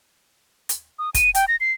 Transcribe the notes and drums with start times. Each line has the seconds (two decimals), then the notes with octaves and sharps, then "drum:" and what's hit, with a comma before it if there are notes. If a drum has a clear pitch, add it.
0.69 drum: hi-hat
0.99 D#6
1.14 D#7, drum: kick, hi-hat
1.35 G5, drum: hi-hat
1.48 A#6
1.60 C7